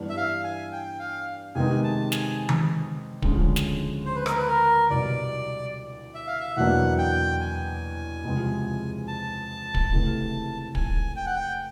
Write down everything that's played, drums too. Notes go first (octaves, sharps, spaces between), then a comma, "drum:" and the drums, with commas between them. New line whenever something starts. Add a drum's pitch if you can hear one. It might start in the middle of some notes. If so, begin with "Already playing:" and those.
Already playing: G2 E3 G3 B3 D4
E5
F5
G#5
G5
F5
C3 D#3 G#3 B3 D#4 G#5
A5
G#5, drum: snare
drum: tom D#3
D2 C#3 F3 G#3 C#4, drum: kick
drum: snare
C5
B4
A#4, drum: rim click
B4
A#4
C2 B2 G3 B3 D5
E5
F5
E5
E2 B2 F#3 A#3 D4 F#5
G5
G#5
C#2 C3 F3 G#3
A5
drum: kick
C#2 C3 E3 A3
G#5, drum: kick
G5
F#5
G5